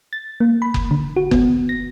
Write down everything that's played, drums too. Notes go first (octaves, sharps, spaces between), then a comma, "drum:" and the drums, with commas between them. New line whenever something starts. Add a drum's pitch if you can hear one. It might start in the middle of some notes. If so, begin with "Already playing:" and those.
A6
A#3
B5
drum: kick F#1
D3
F#4
B3, drum: kick F#1
A#6